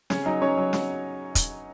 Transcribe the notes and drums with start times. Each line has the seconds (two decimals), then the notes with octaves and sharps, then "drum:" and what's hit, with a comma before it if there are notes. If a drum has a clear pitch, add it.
0.10 C#3 C#4 C#5, drum: snare
0.26 F#3 D#4 D#5
0.41 F#3 C#4 C#5
0.57 F#3
0.73 F#3, drum: snare
1.35 drum: kick, hi-hat